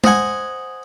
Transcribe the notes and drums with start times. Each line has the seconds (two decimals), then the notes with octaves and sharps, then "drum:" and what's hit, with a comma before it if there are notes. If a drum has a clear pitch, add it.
0.04 C5 D#5 F#5 G#5, drum: tom G#3